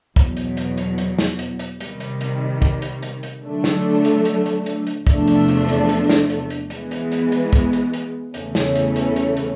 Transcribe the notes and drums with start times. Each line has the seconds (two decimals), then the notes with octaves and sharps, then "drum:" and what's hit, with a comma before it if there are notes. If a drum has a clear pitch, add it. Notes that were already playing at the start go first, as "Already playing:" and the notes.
0.16 E2 B2 F#3, drum: kick, hi-hat
0.37 drum: hi-hat
0.57 drum: hi-hat
0.78 drum: hi-hat
0.98 drum: hi-hat
1.19 drum: snare
1.39 drum: hi-hat
1.59 drum: hi-hat
1.80 C3 D#3 G3, drum: hi-hat
2.00 drum: hi-hat
2.21 drum: hi-hat
2.62 drum: kick, hi-hat
2.82 drum: hi-hat
3.03 drum: hi-hat
3.23 drum: hi-hat
3.43 D3 F#3 A3 D4
3.64 drum: snare
4.05 drum: hi-hat
4.25 drum: hi-hat
4.46 drum: hi-hat
4.66 drum: hi-hat
4.87 drum: hi-hat
5.07 E2 C3 F3 A3 D4, drum: kick, hi-hat
5.28 drum: hi-hat
5.48 drum: hi-hat
5.69 drum: hi-hat
5.89 drum: hi-hat
6.09 drum: snare
6.30 drum: hi-hat
6.50 drum: hi-hat
6.70 E3 G#3 B3, drum: hi-hat
6.91 drum: hi-hat
7.12 drum: hi-hat
7.32 drum: hi-hat
7.53 drum: kick, hi-hat
7.73 drum: hi-hat
7.94 drum: hi-hat
8.34 E2 C#3 E3 A3 C#4, drum: hi-hat
8.55 drum: snare
8.75 drum: hi-hat
8.96 drum: hi-hat
9.16 drum: hi-hat
9.37 drum: hi-hat